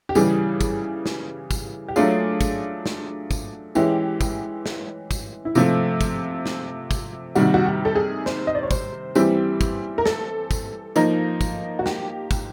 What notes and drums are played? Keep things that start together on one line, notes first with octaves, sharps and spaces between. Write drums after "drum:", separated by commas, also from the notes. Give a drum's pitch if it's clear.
G4
C#3 E3 G3 G#4, drum: tambourine
drum: kick, tambourine
drum: snare
drum: kick, tambourine
G4
F#3 A3 D4 F4 G#4, drum: tambourine
drum: kick, tambourine
drum: snare
drum: kick, tambourine
E3 G#3 C#4 E4 G4, drum: tambourine
drum: kick, tambourine
drum: snare
drum: kick, tambourine
E4
C3 F3 A3 F4, drum: tambourine
drum: kick, tambourine
drum: snare
drum: kick, tambourine
C3 D#3 G3 F#4, drum: tambourine
F#4
G4
A4
G#4
C5, drum: snare
D#5
D5
C#5
C5, drum: kick, tambourine
E3 G3 C4 E4 G4, drum: tambourine
drum: kick, tambourine
A#4
A4, drum: snare
drum: kick, tambourine
F3 A#3 D#4, drum: tambourine
drum: kick, tambourine
F#4
G4, drum: snare
drum: kick, tambourine